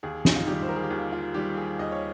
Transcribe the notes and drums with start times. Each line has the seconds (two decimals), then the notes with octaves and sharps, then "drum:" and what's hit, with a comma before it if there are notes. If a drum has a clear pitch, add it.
0.03 D#2 G#4
0.25 D#4, drum: snare
0.36 F4
0.47 D#3 G3 G4
0.62 C5
0.69 A#4
0.76 G#4
0.83 G4
0.90 D#2 F4
1.13 F4
1.34 D#3 G3 G4
1.57 G#4
1.79 D#2 D#5
1.92 C#5